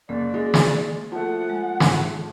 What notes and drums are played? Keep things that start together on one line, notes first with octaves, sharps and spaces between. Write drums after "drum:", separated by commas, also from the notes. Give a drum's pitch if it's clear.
F#1 A#3 D5
G#3
drum: snare
F3 A3 F#5
G#3
G#2, drum: snare